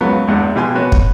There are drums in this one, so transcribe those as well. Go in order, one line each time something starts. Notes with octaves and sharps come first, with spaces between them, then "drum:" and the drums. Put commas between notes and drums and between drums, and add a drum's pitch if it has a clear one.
C#2 C#3 F#3 B3
G#1 E2 G2 F#5
A#1 B2 G4 G#5 C6
B3 F#4 C#5
drum: kick